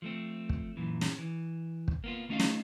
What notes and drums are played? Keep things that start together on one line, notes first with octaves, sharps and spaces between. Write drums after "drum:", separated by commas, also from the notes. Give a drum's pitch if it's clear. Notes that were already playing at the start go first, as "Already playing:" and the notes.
F3 A3 C4
drum: kick
F#2 A#2 E3
drum: snare
E3
drum: kick
A#3 B3 F4
A3 C#4 D#4 F4 E5 F5
drum: snare